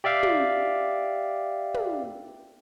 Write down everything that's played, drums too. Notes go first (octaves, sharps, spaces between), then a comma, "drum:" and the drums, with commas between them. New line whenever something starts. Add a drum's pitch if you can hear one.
G4 D5 E5 F5 G5
drum: tom
drum: tom